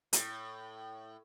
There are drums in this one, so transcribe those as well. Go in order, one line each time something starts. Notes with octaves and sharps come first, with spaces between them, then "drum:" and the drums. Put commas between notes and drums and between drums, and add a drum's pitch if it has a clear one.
A2, drum: hi-hat